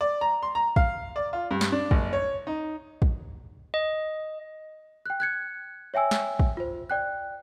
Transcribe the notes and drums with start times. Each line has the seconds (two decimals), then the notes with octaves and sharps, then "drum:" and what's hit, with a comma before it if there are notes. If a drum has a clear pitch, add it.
0.01 D5
0.21 A#5
0.43 C6
0.55 A#5
0.76 F5, drum: kick
1.16 D5
1.33 F4
1.51 G2
1.61 drum: snare
1.72 D4
1.91 F#1, drum: kick
2.13 C#5
2.47 D#4
3.02 drum: kick
3.74 D#5
5.06 G5 F#6
5.20 F#6 G#6 C#7
5.94 C#5 E5 G5 G#5 E6
6.11 drum: snare
6.39 drum: kick
6.57 F4 C5
6.90 D5 G5 F#6